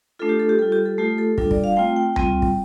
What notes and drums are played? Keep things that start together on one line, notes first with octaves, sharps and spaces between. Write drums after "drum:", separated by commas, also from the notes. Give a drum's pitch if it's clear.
A3 D4 F4 A4
G4
A4
G4
G3 F4 A4
G4
A4
A3 F4 G4
A4
G3 D4 F4 A4, drum: kick
D5, drum: kick
F5
A3 C4 F4 G5
G5
G3 C4 F4, drum: tom C#2
drum: kick